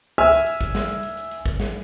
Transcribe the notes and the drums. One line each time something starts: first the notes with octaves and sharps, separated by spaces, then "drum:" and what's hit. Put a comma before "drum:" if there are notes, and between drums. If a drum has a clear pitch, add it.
E5 G#5 E6 F6, drum: hi-hat
drum: hi-hat
drum: hi-hat
drum: kick, hi-hat
drum: snare
drum: hi-hat
drum: hi-hat
drum: hi-hat
drum: hi-hat
drum: kick, hi-hat
drum: snare